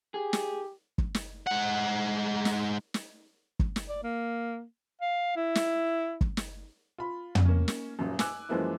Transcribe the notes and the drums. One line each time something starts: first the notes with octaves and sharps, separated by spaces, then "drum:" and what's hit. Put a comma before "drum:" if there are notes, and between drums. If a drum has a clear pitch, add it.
G4 G#4
drum: snare
drum: kick
drum: snare
G#2 F#5
drum: snare
drum: snare
drum: kick
drum: snare
D5
A#3
F5
E4
drum: snare
drum: kick
drum: snare
F4 B5
drum: tom
A#3 C#4
drum: snare
D#1 F#2
G#5 D6 E6 F#6, drum: snare
F#2 E3 F3 G#3 A#3 E4